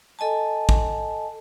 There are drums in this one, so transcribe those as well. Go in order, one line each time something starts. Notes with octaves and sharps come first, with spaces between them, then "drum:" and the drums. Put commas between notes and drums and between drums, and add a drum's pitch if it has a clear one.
A4 D#5 G#5 A5
drum: kick